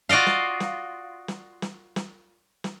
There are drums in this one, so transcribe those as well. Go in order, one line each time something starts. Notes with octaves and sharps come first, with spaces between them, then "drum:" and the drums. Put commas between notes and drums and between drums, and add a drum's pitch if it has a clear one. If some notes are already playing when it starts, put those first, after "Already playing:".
F4 F#4 D5 D#5 F5
drum: snare
drum: snare
drum: snare
drum: snare
drum: snare
drum: snare